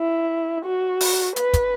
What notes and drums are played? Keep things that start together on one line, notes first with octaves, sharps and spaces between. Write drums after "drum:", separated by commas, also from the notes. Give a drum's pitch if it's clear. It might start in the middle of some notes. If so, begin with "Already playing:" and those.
Already playing: E4
F#4
drum: open hi-hat
B4, drum: hi-hat
drum: kick, hi-hat